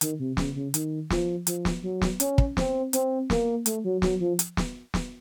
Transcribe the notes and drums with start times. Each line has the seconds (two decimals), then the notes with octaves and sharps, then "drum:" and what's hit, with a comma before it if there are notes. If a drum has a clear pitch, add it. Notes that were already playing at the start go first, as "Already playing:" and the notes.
0.01 D#3, drum: hi-hat
0.19 C3
0.37 C#3, drum: snare
0.55 C#3
0.74 D#3, drum: hi-hat
1.10 F3, drum: snare
1.47 F3, drum: hi-hat
1.65 drum: snare
1.83 F#3
2.02 drum: snare
2.20 C#4, drum: hi-hat
2.38 drum: kick
2.57 C4, drum: snare
2.93 C4, drum: hi-hat
3.30 A#3, drum: snare
3.66 A3, drum: hi-hat
3.85 F#3
4.02 F#3, drum: snare
4.20 F3
4.39 drum: hi-hat
4.57 drum: snare
4.94 drum: snare